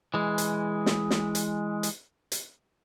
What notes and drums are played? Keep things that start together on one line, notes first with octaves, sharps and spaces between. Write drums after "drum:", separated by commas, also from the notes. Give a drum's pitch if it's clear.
E3 G#3
drum: hi-hat
drum: snare
drum: snare
drum: hi-hat
drum: hi-hat
drum: hi-hat